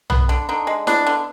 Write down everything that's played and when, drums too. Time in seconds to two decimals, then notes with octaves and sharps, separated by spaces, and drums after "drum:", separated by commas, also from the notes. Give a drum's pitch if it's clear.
0.10 B3, drum: tom
0.29 D3
0.49 D3 D#4
0.67 G#3
0.87 B3 D4, drum: snare E4
1.06 D3